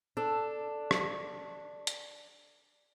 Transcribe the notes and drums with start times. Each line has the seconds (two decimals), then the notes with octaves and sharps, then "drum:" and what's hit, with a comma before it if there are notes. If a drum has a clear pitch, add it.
0.17 D4 A4
0.91 drum: rim click
1.87 drum: hi-hat